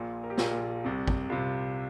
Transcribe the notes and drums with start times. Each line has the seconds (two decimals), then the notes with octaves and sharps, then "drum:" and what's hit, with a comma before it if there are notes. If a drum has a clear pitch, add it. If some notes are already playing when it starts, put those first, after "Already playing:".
Already playing: A#1 A#2 F4
0.24 A#4
0.30 G4
0.38 A#1 A#2 F4, drum: snare
0.84 C2 C3
1.08 drum: kick
1.29 C2 C3 F4